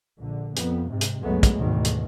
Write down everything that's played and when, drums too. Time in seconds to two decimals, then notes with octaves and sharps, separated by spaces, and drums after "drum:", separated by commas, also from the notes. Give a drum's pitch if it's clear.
0.19 A#1 D3
0.57 F2 B3, drum: hi-hat
0.89 G#2 C3
1.01 drum: hi-hat
1.22 C#2 G2 F#3 G#3 A3 B3
1.43 drum: kick, hi-hat
1.57 G#1 D2 G#2 B2 D#3 E3
1.85 drum: hi-hat